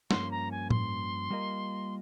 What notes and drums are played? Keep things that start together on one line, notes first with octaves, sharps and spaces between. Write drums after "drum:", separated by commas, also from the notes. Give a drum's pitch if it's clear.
G2 F3 A#3 C#4 C6, drum: snare
A#5
G#5
C6, drum: tom A2
G3 A#3 F4 A#4 D#5